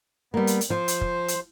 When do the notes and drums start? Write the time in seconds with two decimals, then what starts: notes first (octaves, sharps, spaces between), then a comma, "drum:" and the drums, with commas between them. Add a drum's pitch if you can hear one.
0.34 G3 A#3 B3
0.47 drum: hi-hat
0.61 drum: hi-hat
0.70 F3 C5
0.88 drum: hi-hat
1.01 drum: kick
1.28 drum: hi-hat